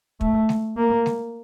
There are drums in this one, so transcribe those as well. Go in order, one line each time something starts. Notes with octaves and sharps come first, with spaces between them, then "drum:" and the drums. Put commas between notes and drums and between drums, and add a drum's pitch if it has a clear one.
A3, drum: kick
drum: snare G#3
A#3
drum: snare G#3